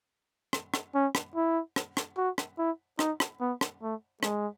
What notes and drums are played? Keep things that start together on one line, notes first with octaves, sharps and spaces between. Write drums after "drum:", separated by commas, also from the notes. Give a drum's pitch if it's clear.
drum: rim click
drum: rim click
C#4
drum: rim click
E4
drum: rim click
drum: rim click
F#4
drum: rim click
E4
D#4, drum: rim click
drum: rim click
B3
drum: rim click
A3
G#3, drum: rim click